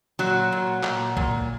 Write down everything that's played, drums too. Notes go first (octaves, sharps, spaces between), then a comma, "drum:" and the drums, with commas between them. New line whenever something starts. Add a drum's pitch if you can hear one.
A#2 F#3 F#4
A#2
A#2, drum: clap
A#2, drum: kick C2